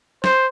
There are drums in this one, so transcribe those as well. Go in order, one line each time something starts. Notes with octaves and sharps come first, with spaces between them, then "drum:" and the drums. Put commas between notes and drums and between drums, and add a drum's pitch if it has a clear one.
C5, drum: snare